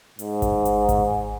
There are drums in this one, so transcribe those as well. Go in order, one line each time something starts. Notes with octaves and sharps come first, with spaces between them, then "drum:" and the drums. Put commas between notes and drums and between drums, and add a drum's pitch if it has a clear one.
G#2, drum: hi-hat
drum: kick G#1, hi-hat
drum: hi-hat
drum: kick G#1, hi-hat